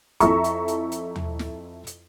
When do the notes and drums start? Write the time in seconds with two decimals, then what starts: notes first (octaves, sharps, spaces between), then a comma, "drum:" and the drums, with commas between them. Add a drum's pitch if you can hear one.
0.20 F2 E4 A4 E5 A#5 C#6, drum: kick, hi-hat
0.44 drum: hi-hat
0.68 drum: hi-hat
0.92 drum: hi-hat
1.16 drum: tom
1.39 drum: snare
1.87 drum: hi-hat